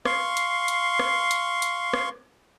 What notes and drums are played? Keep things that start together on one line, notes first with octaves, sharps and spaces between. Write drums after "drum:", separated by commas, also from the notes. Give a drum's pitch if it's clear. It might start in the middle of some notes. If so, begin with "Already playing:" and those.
F5 C6 C#6, drum: rim click
drum: hi-hat
drum: hi-hat
drum: rim click
drum: hi-hat
drum: hi-hat
drum: rim click